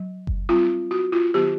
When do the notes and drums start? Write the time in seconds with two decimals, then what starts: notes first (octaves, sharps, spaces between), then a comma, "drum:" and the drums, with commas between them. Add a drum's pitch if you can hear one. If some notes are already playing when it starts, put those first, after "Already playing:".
Already playing: F#3
0.27 drum: kick F#1
0.49 G3 C4 F4
0.91 F#4
1.12 F4
1.34 D#3 F#3 B3 G4